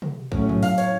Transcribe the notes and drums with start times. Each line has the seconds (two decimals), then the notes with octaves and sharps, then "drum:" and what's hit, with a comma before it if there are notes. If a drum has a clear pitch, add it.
0.02 drum: tom
0.32 A2 F#3 A3 C#4, drum: kick A#1
0.49 drum: tom
0.63 F5, drum: open hi-hat
0.78 C#5, drum: open hi-hat